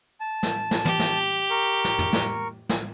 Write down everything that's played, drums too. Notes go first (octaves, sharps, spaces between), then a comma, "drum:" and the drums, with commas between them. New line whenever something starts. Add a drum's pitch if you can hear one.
A5
drum: snare
drum: snare
G4, drum: tom
drum: snare
A#4 C#6
drum: snare
drum: tom
drum: snare
drum: snare